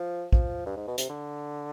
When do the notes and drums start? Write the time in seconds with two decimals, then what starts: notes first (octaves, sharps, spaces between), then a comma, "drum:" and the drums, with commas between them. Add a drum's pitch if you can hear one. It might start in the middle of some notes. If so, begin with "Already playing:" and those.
Already playing: F3
0.33 F3, drum: kick
0.66 G2
0.77 G#2
0.88 B2
0.98 C3, drum: hi-hat
1.09 D3